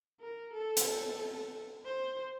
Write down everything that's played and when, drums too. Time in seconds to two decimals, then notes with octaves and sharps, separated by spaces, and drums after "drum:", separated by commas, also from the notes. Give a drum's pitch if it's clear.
0.21 A#4
0.53 A4
0.77 drum: hi-hat
0.86 A4
1.86 C5